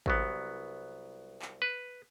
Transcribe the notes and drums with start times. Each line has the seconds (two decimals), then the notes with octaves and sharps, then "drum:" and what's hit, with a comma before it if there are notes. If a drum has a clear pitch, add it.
0.06 C2 F#3 B3, drum: kick G#1
1.42 drum: clap
1.62 B4